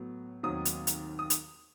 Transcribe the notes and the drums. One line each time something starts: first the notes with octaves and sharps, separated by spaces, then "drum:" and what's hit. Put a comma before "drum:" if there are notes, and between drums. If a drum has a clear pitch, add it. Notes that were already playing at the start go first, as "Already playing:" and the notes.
Already playing: A2 F#3 B3
D#2 D#3 F#3 C4 D#6
drum: hi-hat
drum: hi-hat
D#6
drum: hi-hat